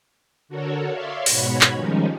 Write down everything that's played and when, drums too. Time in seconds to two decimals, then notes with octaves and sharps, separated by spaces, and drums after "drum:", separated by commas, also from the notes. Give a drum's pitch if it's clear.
0.49 D3 F#4 A4 A#4 C#5
0.91 C#5 D5 E5 F5 C6
1.26 G#2 B2 F#4 C#5 B5 G#6, drum: open hi-hat
1.61 drum: clap
1.74 D#3 F3 G3 G#3 C#4 D#4